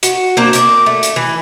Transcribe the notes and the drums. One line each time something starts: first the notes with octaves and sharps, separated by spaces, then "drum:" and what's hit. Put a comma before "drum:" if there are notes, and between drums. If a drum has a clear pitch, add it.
F#4, drum: hi-hat
A#3 C4 D4
A#4 D5, drum: hi-hat
A3
drum: hi-hat
E3